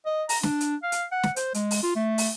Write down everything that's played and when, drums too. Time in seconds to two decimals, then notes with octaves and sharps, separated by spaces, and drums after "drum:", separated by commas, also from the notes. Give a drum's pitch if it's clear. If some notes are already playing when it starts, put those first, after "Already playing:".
0.06 D#5
0.29 A#5, drum: open hi-hat
0.43 D4, drum: snare
0.60 drum: hi-hat
0.83 F5
0.92 drum: hi-hat
1.12 F#5
1.23 drum: snare
1.36 C5, drum: hi-hat
1.54 G#3, drum: hi-hat
1.71 drum: open hi-hat
1.83 F4
1.95 A3
2.18 drum: open hi-hat